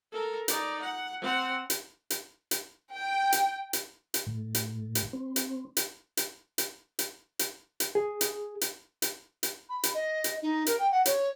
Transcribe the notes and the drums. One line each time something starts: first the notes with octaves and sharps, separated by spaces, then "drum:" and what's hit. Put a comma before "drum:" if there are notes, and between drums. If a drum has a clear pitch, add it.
A4 A#4
D#4 D5, drum: hi-hat
F#5
C4 F#5
drum: hi-hat
drum: hi-hat
drum: hi-hat
G5
drum: hi-hat
drum: hi-hat
drum: hi-hat
A2
drum: hi-hat
drum: hi-hat
C4
drum: hi-hat
drum: hi-hat
drum: hi-hat
drum: hi-hat
drum: hi-hat
drum: hi-hat
drum: hi-hat
G#4
drum: hi-hat
drum: hi-hat
drum: hi-hat
drum: hi-hat
B5
drum: hi-hat
D#5
drum: hi-hat
D#4
A#4, drum: hi-hat
G5
F#5
C#5, drum: hi-hat